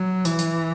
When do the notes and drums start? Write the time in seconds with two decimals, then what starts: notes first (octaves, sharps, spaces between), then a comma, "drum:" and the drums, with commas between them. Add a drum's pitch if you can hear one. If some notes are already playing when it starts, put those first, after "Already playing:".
Already playing: F#3
0.25 E3, drum: hi-hat
0.39 drum: hi-hat